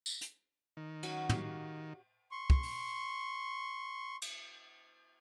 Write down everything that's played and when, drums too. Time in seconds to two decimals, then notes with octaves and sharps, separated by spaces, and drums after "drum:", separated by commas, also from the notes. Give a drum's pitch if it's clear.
0.06 drum: tambourine
0.21 drum: hi-hat
0.77 D#3
1.03 F#3 C#4 F#4, drum: cymbal
1.29 F#4 G4 F5, drum: tom
2.31 C6 C#6
2.50 drum: kick
2.63 drum: open hi-hat
4.22 drum: cymbal